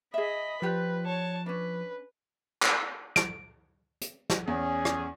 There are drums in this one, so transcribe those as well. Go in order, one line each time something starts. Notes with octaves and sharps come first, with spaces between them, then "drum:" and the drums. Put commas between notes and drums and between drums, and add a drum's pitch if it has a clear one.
G#4 D#5 E5 B5
F3 F4 G4 B4 D5 F#6
C#5 A5
C#4 D4 B4
drum: clap
D7, drum: snare
drum: hi-hat
drum: snare
E2 C#4 G#4
drum: rim click